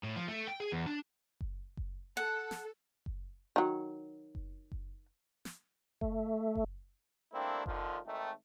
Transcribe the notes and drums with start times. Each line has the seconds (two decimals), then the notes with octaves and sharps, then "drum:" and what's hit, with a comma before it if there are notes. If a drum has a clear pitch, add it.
0.03 A2
0.16 F3
0.28 A3
0.48 G5
0.60 G#4
0.72 E2
0.86 D4
1.41 drum: kick F#1
1.77 drum: kick F#1
2.17 A4 F#5
2.51 drum: snare
3.06 drum: kick F#1
3.56 D#3 F#3
4.35 drum: kick F#1
4.72 drum: kick F#1
5.45 drum: snare
6.01 A3, drum: kick F#1
6.55 drum: kick F#1
7.33 G3 A3 A#3 C4 D4 E4
7.66 A#1 D3 D#3 F3, drum: kick F#1
8.05 G#1 D#3 A3